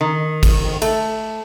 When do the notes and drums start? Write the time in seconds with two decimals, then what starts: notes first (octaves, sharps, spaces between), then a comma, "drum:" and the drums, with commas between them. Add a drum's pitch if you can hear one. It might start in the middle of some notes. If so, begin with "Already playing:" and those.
0.01 D#3
0.43 drum: kick G#1, cymbal
0.82 A3, drum: cymbal